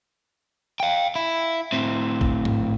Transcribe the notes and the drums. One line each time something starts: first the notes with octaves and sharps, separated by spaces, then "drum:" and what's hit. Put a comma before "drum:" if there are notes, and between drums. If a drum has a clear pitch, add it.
F5 G5
E4
A2 C4
drum: kick A1
drum: tom G#2